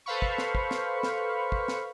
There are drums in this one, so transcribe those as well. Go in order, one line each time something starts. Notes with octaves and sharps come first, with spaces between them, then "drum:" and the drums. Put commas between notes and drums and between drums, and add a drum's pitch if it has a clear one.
A4 B4 C5 F5 B5 C#6
drum: kick
drum: snare
drum: kick
drum: snare
drum: snare
drum: kick
drum: snare